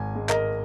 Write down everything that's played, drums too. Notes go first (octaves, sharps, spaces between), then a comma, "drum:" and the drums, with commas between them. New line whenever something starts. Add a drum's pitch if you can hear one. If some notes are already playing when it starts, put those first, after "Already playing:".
Already playing: G#1 G#5
G#3
A#4 D#5, drum: clap